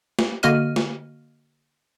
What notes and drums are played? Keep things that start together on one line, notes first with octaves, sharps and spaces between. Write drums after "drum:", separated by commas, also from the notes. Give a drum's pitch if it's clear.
drum: snare
D3 A#3 F#4 D#5 F6 D#7, drum: tambourine
drum: snare